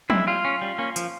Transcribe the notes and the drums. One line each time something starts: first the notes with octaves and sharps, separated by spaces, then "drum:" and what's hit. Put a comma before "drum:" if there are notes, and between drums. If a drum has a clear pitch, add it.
G#3 C4 E4, drum: tom
G3 F4
C#4
G3
A#3 C#4
F3, drum: hi-hat